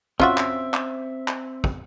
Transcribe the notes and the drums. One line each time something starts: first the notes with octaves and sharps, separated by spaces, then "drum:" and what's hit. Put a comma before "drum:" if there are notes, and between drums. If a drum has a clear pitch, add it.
C4 C#4 F4 F#4 E5, drum: kick
drum: clap
drum: clap
drum: clap
drum: kick